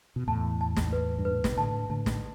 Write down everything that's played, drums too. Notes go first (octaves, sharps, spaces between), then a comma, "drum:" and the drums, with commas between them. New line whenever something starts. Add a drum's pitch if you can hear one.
B2
E2 A2 A5
A5
drum: snare
B4
G2
B4
A2
B2, drum: snare
A2 D3 A5
A2 D3 A5
drum: snare